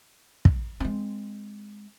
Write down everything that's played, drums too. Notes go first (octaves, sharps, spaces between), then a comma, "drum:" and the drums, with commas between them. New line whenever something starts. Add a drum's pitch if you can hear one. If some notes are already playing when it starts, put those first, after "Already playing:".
drum: kick
G#3 C4